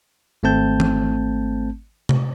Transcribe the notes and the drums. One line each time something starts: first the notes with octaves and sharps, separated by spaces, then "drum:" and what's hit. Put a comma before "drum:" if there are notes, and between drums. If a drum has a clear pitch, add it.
G#1 A3 C4 A5 G6
drum: tom E3
drum: tom C3